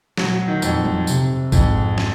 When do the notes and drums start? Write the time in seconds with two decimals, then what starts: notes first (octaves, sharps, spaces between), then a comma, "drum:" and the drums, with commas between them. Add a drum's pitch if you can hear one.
0.18 A#2 F#3, drum: snare
0.33 F#3
0.48 D#3
0.62 F2 A#2, drum: tambourine
0.85 drum: tom F3
1.07 C3, drum: tambourine
1.52 F2 G#2, drum: kick G#1, tambourine
1.98 drum: snare